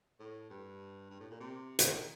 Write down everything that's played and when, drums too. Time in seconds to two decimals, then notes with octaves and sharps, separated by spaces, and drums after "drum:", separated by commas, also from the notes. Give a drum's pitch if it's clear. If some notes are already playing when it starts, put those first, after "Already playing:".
0.20 A2
0.50 G2
1.10 G2
1.20 A2
1.30 A#2
1.40 C3
1.79 F3, drum: hi-hat
1.90 D#3